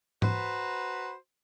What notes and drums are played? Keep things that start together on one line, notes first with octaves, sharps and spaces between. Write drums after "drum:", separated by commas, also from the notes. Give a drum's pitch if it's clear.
F#4 B4 C5 A#5 B5, drum: tom G#2